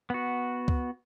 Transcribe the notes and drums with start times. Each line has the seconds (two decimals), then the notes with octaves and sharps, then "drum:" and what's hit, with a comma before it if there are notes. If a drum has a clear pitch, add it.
0.10 B3 F#4
0.68 drum: kick